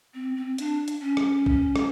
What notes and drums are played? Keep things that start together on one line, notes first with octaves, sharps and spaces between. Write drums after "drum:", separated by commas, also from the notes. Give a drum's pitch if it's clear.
C4
C4
D4, drum: hi-hat
drum: hi-hat
C#4
drum: rim click
drum: kick A#1
drum: rim click